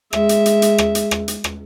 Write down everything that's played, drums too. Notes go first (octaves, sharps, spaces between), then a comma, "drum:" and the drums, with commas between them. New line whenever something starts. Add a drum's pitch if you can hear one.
G#3 E5, drum: rim click
drum: hi-hat
drum: hi-hat
drum: hi-hat
drum: rim click
drum: hi-hat
drum: rim click
drum: hi-hat
drum: rim click